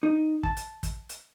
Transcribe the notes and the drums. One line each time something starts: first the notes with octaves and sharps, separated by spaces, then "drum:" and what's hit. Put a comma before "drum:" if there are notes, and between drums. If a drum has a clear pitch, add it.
D#4
A5, drum: kick
drum: hi-hat
drum: kick, hi-hat
drum: hi-hat